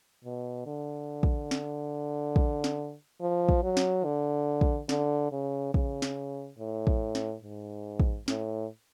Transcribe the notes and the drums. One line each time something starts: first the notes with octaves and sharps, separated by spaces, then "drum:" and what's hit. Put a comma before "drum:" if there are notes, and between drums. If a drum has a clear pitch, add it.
B2
D3
drum: kick
drum: snare
drum: kick
drum: snare
F3
drum: kick
F#3
drum: snare
D3
drum: kick
D3, drum: snare
C#3
C#3, drum: kick
drum: snare
A2
drum: kick
drum: snare
G#2
drum: kick
A2, drum: snare